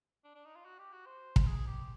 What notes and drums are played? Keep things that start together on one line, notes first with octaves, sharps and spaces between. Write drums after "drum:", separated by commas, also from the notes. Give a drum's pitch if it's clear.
D4
D4
D#4
F4
F#4
G4
F#4
C5
drum: kick
G#4
G4